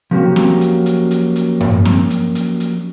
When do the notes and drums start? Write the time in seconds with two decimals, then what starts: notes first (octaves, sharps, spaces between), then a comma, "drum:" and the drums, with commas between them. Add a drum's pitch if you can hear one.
0.11 F3 F#3 A#3 C#4 F#4 G4
0.36 drum: snare
0.61 drum: hi-hat
0.86 drum: hi-hat
1.11 drum: hi-hat
1.36 drum: hi-hat
1.61 drum: tom G2
1.85 drum: snare
2.10 drum: hi-hat
2.35 drum: hi-hat
2.60 drum: hi-hat